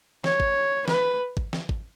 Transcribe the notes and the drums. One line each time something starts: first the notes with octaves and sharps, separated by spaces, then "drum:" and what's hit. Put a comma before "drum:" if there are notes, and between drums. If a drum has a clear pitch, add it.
C#5, drum: snare
drum: kick
B4, drum: snare
drum: kick
drum: snare
drum: kick